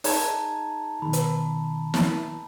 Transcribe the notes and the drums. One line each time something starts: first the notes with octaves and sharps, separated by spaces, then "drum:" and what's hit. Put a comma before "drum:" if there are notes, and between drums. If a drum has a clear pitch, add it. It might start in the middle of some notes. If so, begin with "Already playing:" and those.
D#4 G#4 A5 A#5 G#6, drum: open hi-hat
B2 D#3 B5
drum: hi-hat
drum: snare